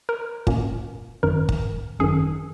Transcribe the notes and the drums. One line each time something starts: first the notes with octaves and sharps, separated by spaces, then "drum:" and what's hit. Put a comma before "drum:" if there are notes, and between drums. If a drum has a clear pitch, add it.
A#4
A#2 A#3 C#4, drum: kick
G#1 F#2 D#3 A#4
drum: kick
G#1 F#2 D#3 G#4